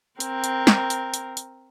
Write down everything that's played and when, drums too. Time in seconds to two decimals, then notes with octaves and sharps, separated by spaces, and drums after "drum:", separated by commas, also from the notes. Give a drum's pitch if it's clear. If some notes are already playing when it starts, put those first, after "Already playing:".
0.20 C4 A#4, drum: hi-hat
0.44 drum: hi-hat
0.67 drum: snare
0.90 drum: hi-hat
1.14 drum: hi-hat
1.37 drum: hi-hat